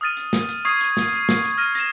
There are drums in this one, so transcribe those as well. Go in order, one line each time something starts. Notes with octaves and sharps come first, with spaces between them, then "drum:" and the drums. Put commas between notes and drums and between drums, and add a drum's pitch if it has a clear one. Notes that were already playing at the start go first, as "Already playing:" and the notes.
D#6 F6 A6 D#7
drum: hi-hat
drum: snare
drum: hi-hat
C#6 D#6 G#6 C7, drum: hi-hat
drum: hi-hat
drum: snare
drum: hi-hat
drum: snare
drum: hi-hat
F6 A#6 D#7
A#6 E7, drum: hi-hat